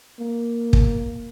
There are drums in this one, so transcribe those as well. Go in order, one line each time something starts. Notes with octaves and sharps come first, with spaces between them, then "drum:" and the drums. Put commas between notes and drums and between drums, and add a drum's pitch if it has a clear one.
A#3
drum: kick